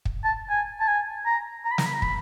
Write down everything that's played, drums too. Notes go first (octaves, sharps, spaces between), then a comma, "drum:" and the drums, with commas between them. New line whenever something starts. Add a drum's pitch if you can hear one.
drum: kick
A5
G#5
A5
G#5
A#5
A#5
B5
A#5, drum: snare
B5
A#5
B5, drum: kick